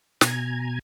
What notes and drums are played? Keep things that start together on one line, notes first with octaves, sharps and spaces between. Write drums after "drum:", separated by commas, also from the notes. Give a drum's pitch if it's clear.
B2 G#5 A#5 G#6, drum: snare